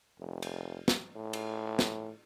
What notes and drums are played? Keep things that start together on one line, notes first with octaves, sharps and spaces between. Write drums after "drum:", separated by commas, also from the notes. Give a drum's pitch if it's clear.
F1
drum: cymbal
drum: snare
A2
drum: cymbal
drum: snare